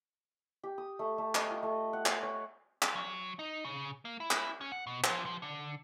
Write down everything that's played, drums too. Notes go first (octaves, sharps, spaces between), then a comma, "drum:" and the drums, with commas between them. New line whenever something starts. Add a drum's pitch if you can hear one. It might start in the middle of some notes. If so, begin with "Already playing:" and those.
G4
D#6
A3
A3
D#5, drum: clap
F4
A3
F#5
F#5, drum: clap
C#5
drum: clap
F#3
D#4
C#3
A#3
E4
drum: clap
C#4
F#5
B2
F3, drum: clap
F3
D3